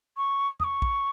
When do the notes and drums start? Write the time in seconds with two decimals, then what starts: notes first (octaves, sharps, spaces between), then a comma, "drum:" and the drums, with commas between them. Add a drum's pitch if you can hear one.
0.17 C#6
0.60 D#6, drum: tom
0.64 C#6
0.82 drum: kick